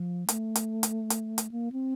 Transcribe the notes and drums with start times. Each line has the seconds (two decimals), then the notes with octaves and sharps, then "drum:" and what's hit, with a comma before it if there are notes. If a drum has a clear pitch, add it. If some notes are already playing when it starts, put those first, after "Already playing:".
Already playing: F3
0.29 A3, drum: hi-hat
0.56 drum: hi-hat
0.83 drum: hi-hat
1.10 drum: hi-hat
1.38 drum: hi-hat
1.51 A#3
1.72 C4